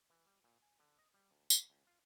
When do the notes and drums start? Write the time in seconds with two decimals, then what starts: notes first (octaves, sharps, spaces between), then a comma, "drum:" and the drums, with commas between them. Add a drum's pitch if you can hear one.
0.10 E3
0.27 G3
0.44 A#2
0.62 G#5
0.80 D3
0.99 D#5
1.14 G3
1.31 D2
1.50 A#3, drum: tambourine
1.70 C#2
1.87 F4